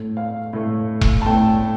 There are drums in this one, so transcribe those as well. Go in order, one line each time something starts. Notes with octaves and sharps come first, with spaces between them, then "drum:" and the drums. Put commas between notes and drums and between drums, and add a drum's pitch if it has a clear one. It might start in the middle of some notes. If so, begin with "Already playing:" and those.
Already playing: A2 A3
F5
A2 A3
drum: kick E1
A5
A2 A3 G5